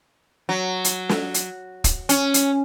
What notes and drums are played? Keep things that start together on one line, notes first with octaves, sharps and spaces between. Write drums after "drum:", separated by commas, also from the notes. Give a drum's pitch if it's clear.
F#3
drum: hi-hat
drum: snare
drum: hi-hat
drum: kick, hi-hat
C#4, drum: hi-hat
drum: hi-hat